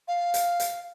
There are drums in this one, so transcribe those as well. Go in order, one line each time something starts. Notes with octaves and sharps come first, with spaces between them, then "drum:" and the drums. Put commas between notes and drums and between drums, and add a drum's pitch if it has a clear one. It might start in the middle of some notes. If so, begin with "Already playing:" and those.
F5
drum: hi-hat
drum: hi-hat